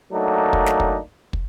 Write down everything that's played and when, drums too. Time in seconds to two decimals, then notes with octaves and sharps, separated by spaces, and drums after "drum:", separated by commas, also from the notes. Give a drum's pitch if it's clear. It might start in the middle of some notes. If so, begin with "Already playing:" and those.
0.13 F#3 A3 A#3 D4 D#4
0.53 drum: kick
0.66 drum: snare
0.80 drum: kick
1.33 drum: kick